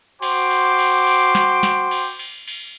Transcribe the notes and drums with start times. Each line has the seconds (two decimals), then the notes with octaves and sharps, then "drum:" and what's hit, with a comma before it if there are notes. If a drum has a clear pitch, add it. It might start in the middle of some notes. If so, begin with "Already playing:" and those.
0.22 F#4 C5 G5 C6 D6, drum: cymbal
0.50 drum: cymbal
0.79 drum: cymbal
1.07 drum: cymbal
1.35 drum: snare
1.63 drum: snare
1.91 drum: cymbal
2.19 drum: cymbal
2.47 drum: cymbal